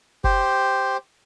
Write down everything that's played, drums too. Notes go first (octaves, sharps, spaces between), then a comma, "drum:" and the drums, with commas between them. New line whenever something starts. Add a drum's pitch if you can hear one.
G4 C5, drum: kick F#1